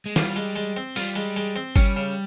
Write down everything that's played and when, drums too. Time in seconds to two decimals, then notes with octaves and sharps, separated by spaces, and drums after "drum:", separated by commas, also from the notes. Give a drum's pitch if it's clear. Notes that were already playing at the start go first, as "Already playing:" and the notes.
0.06 G#3
0.16 G3 F4, drum: snare
0.36 G#3
0.56 G#3
0.77 C4
0.96 G3 F4, drum: open hi-hat
1.16 G#3
1.36 G#3
1.56 C4
1.76 G3 C#4, drum: kick G1, hi-hat
1.96 C#3